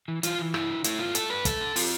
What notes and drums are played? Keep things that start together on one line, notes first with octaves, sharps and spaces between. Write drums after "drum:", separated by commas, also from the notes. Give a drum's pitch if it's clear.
E3
E3 F4, drum: hi-hat
E3
G2 E4, drum: rim click
D3
A3 E4, drum: hi-hat
G2 F4
A3 A4, drum: hi-hat
G2 B4
A3 A4, drum: kick, hi-hat
D3
C4 F4, drum: open hi-hat